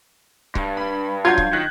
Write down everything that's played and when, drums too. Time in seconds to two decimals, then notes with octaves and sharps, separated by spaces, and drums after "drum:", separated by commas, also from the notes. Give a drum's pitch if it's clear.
0.55 G2, drum: kick C#1
0.77 B5
1.25 F#3 F4 G6 G#6
1.38 drum: kick C#1
1.53 D#3 F#6 A#6